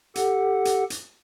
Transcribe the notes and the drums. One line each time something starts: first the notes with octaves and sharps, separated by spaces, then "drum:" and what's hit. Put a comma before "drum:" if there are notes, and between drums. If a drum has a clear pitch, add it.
G4 A4 F#5, drum: hi-hat
drum: hi-hat
drum: hi-hat